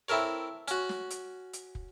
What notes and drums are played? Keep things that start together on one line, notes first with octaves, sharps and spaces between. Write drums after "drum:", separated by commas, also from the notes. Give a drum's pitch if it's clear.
C4 E4 A4 A#4 C#5
C#4 F#4, drum: hi-hat
drum: snare
drum: hi-hat
drum: hi-hat
drum: kick